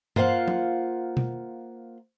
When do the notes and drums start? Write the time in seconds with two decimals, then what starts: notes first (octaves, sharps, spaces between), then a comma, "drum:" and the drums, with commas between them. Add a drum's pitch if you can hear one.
0.16 A#3 F4 C5 F5 F#5, drum: tom G2
0.48 drum: tom
1.17 drum: tom B2